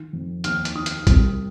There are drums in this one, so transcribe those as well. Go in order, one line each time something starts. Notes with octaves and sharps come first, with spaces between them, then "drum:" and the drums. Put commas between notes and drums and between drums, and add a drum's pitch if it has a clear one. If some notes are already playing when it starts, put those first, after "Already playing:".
Already playing: D#3
F2
D#2 F6, drum: hi-hat
drum: hi-hat
D#3 D#6
drum: hi-hat
C2, drum: kick A1, hi-hat